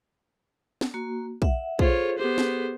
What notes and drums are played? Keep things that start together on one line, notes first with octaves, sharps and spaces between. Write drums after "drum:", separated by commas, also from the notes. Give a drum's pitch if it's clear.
drum: snare
A#3 F#4
E5 F#5, drum: kick
F4 G#4 A4 C5 C#5, drum: kick
B3 G4 C5
drum: snare